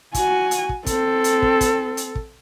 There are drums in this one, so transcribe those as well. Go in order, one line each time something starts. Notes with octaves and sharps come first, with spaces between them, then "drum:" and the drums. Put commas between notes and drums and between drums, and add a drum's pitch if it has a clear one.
F#4 G#5, drum: kick, hi-hat
drum: hi-hat
drum: kick
C4 A4, drum: kick, hi-hat
drum: hi-hat
drum: kick
drum: kick, hi-hat
drum: hi-hat
drum: kick